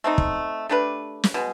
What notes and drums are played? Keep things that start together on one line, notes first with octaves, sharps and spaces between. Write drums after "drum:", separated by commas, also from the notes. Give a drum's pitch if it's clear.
A3 C4 D#4
drum: kick
A3 D4 G4 B4
drum: snare
B2 G#3